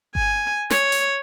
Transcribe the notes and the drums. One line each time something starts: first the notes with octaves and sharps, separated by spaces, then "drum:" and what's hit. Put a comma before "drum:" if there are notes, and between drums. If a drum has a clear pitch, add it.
G#5, drum: kick G1
C#5, drum: snare
drum: hi-hat